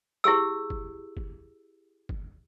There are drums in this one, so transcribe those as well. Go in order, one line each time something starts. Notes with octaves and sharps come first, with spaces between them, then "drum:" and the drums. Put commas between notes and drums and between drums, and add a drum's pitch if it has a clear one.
E4 G4 G#4 E6
drum: kick G1
drum: kick G1
drum: kick G1